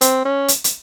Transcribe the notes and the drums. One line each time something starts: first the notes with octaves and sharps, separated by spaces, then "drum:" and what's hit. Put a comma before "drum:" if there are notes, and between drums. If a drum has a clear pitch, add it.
C4, drum: hi-hat
C#4
drum: hi-hat
drum: hi-hat